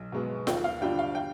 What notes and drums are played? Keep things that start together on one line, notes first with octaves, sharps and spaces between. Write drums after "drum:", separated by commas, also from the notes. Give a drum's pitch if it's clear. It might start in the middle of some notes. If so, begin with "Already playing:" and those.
Already playing: B1
B2 G#3 B3
D#2 G5, drum: snare F4
F5
D3 G3 D4 F4 G5
F5
G5